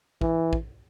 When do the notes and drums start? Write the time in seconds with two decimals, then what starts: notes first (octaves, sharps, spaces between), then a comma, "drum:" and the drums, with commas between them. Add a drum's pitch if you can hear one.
0.21 E3, drum: kick
0.53 drum: kick